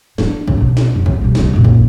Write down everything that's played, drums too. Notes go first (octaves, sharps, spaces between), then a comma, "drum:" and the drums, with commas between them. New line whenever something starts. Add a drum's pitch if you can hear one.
D4 E4, drum: snare
drum: kick G#1
F#2 B2
drum: snare
F#2
drum: kick G#1
C2 B2
C2 C#4, drum: snare
F#2 A#2
drum: kick G#1